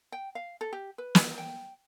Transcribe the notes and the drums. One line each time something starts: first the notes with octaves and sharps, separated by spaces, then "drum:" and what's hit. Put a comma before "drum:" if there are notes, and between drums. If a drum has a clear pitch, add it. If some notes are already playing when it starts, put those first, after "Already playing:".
G5
F5
A4
G4
B4
drum: snare
G5